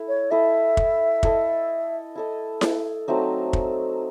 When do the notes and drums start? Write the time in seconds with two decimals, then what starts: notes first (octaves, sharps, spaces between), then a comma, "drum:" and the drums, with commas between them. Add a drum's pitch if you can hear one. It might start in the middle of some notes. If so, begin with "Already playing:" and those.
Already playing: E4 A4
0.08 C#5
0.31 E4 A4 D#5 E5
0.77 drum: kick
1.23 E4 A4 D#5, drum: kick
2.15 E4 A4 D#5
2.61 drum: snare E4
3.08 F#3 A3 C4 D#4
3.53 drum: kick